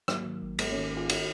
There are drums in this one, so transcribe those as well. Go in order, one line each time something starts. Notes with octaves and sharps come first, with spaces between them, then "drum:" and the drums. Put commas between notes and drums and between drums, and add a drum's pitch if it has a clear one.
G#2 F#3 A#3, drum: rim click
D#3
G#1
G#2 G#3 B3, drum: cymbal
A#3 C#4
D#3
G#1 F4 G#4
D#3 D#4 F#4, drum: cymbal